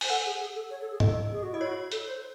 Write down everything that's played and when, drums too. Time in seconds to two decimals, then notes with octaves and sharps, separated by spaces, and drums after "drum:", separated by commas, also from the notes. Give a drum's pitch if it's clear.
0.01 C5 G#5, drum: open hi-hat
0.10 A4 F#5
0.25 G#4
0.40 G#4
0.55 A4
0.70 C#5
0.81 A4
0.91 G#4
1.00 A4 D#5, drum: tom G#2
1.32 G#4
1.43 F#4
1.53 E4 D#5
1.61 F#4 C#5
1.92 A4, drum: hi-hat
2.06 C5